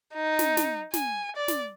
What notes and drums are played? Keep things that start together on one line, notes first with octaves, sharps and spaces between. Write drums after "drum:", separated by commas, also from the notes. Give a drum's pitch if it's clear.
D#4
drum: snare
drum: snare
G#5, drum: snare
D5
drum: snare